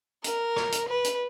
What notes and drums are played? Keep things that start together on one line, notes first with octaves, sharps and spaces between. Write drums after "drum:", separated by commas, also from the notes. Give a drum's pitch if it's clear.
A#4, drum: hi-hat
drum: rim click
drum: hi-hat
B4
drum: hi-hat